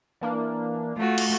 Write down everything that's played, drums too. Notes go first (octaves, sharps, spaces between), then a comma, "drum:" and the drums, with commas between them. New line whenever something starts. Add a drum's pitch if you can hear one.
E3 A#3 D4
A3 F4 F#4
drum: cymbal